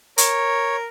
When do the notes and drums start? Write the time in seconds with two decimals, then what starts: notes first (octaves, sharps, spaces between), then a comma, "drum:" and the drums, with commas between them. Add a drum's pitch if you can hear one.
0.18 A#4 C#5, drum: hi-hat